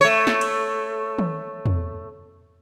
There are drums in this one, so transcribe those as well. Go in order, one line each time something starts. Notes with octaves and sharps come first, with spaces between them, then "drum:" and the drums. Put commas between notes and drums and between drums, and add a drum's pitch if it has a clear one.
A3 C#5
drum: snare
drum: cymbal
drum: tom
drum: tom E2